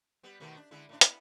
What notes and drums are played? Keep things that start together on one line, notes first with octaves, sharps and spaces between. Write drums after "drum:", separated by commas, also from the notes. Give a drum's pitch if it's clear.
G3 B3
B2 D#3 A3
D4
D3 G#3 E4
A2 D4
B3 E4, drum: hi-hat